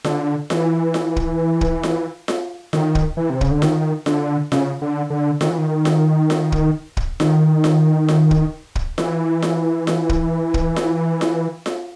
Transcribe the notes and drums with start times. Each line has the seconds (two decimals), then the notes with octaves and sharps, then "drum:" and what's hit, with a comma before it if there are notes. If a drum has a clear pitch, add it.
0.04 D3, drum: snare F4
0.50 E3, drum: snare F4
0.94 drum: snare F4
1.16 drum: kick
1.61 drum: kick
1.83 drum: snare F4
2.28 drum: snare F4
2.73 D#3, drum: snare F4
2.95 drum: kick
3.17 E3
3.30 C3
3.41 C#3, drum: kick
3.51 D3
3.62 D#3, drum: snare F4
4.06 D3, drum: snare F4
4.52 C#3, drum: snare F4
4.82 D3
5.10 D3
5.41 D#3, drum: snare F4
5.50 E3
5.58 D#3
5.85 drum: snare F4
6.30 drum: snare F4
6.52 drum: kick
6.97 drum: kick
7.20 D#3, drum: snare F4
7.64 drum: snare F4
8.08 drum: snare F4
8.31 drum: kick
8.75 drum: kick
8.98 E3, drum: snare F4
9.42 drum: snare F4
9.87 drum: snare F4
10.09 drum: kick
10.54 drum: kick
10.76 drum: snare F4
11.21 drum: snare F4
11.66 drum: snare F4